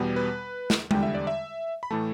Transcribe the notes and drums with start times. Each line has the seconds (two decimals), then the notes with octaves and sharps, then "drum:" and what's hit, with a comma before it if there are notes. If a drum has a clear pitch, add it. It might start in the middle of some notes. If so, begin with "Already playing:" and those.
Already playing: E2 B2 G3 B3
0.16 B4
0.70 drum: snare
0.91 E2 D3 G3 G5, drum: tom G#3
1.03 E5
1.15 D5
1.27 E5
1.83 B5
1.91 A2 E3 A3 A5